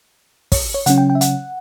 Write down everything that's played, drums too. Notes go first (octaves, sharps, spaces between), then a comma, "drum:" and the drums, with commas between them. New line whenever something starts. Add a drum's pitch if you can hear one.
C#5, drum: kick, open hi-hat
C#5
C#3 F#3 C#4 F#5, drum: hi-hat
G5
G5
E5
F#5, drum: hi-hat